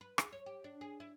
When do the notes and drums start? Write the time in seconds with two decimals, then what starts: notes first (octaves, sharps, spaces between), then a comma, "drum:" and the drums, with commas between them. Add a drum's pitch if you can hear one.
0.01 B4
0.18 G#4, drum: rim click
0.32 C#5
0.46 G4
0.64 D4
0.81 G#4
1.00 E4